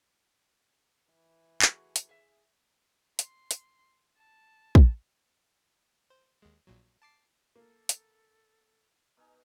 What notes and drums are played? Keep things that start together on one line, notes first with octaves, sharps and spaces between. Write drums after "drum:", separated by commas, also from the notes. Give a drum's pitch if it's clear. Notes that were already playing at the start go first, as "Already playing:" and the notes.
E3
A3 F#4 G#4, drum: clap
drum: hi-hat
G#4 E5
C6, drum: hi-hat
drum: hi-hat
A5
drum: kick
C5
D#2 G#3
A#1 A#2 F#3
A5 D6 C7
A#3 A4
drum: hi-hat
B2 D#4 G#4 A#5